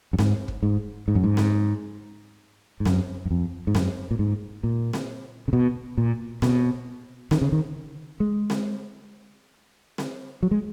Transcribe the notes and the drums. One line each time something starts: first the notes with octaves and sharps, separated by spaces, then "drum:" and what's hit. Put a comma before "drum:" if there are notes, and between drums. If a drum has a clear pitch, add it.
F#2
G#2, drum: snare C4
drum: kick
G#2
G#2
F#2
G#2
drum: snare C4
G#2
F#2, drum: snare C4
F#2
F2
G#2
F#2, drum: snare C4
A#2
G#2
A#2
drum: snare C4
C#3
B2
A#2
B2, drum: snare C4
D#3, drum: snare C4
C#3
D#3
G#3
drum: snare C4
drum: snare C4
F#3
G#3